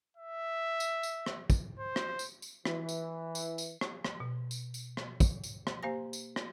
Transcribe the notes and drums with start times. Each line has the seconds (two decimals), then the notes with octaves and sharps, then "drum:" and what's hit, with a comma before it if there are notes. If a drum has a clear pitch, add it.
0.17 E5
0.80 drum: tambourine
1.03 drum: tambourine
1.26 drum: rim click
1.50 drum: kick, tambourine
1.79 C5
1.96 drum: rim click
2.19 drum: tambourine
2.42 drum: tambourine
2.65 E3, drum: rim click
2.89 drum: tambourine
3.35 drum: tambourine
3.58 drum: tambourine
3.81 drum: rim click
4.05 drum: rim click
4.20 B2
4.51 drum: tambourine
4.74 drum: tambourine
4.97 drum: rim click
5.20 drum: kick, tambourine
5.44 drum: tambourine
5.67 drum: rim click
5.83 A#3 G4 C5 F5 G#5 A#6
6.13 drum: tambourine
6.36 drum: rim click